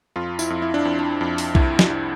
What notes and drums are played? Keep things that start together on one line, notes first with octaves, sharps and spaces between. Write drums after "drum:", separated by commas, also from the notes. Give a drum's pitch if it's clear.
F2 F4
E4, drum: tambourine
F2
E4
D4
F2
D4
F2
drum: open hi-hat
C2 E4, drum: kick B1
D4, drum: snare
C2